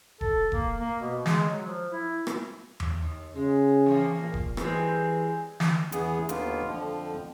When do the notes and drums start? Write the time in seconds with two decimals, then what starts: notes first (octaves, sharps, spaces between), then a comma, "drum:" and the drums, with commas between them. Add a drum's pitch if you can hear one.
0.21 A4, drum: kick E1
0.52 A#3, drum: kick E1
0.79 A#3
1.00 B2
1.26 G#3, drum: snare
1.49 F#3
1.66 F3
1.92 E4
2.27 drum: rim click
2.80 drum: tom E2
3.02 D#2
3.36 C#3 G#3
3.86 E2 F3 A#3
4.19 A#2
4.34 drum: kick E1
4.57 E3 G3 G#3 C4, drum: rim click
5.60 drum: snare
5.92 E2 E3 B3 G#4, drum: hi-hat
6.29 D#2 D3 D#3 A#3 B3 F4, drum: hi-hat
6.66 F2 D3 F3